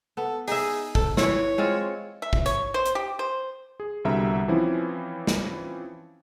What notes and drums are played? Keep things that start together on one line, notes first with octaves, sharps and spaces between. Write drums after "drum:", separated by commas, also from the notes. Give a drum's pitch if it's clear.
B3 A4
D#4 G#4 E5, drum: open hi-hat
A4, drum: kick G#1
E3 E4 C#5, drum: snare
G#3 C4 F4
E5
drum: kick G#1
C#5, drum: hi-hat
C5
drum: hi-hat
G4
C5
G#4
C2 B2 D3 G3 E5 A#5
E3 F3 C4 C#4 E4
drum: snare